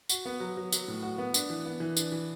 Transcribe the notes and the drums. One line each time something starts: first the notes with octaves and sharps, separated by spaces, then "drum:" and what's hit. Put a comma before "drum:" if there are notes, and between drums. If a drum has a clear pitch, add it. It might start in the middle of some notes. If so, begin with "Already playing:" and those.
F#4, drum: tambourine
B3
F#3
F#3
F#3, drum: tambourine
A2
F#4
B3
D4, drum: tambourine
E3
B3
E3
D4, drum: tambourine
E3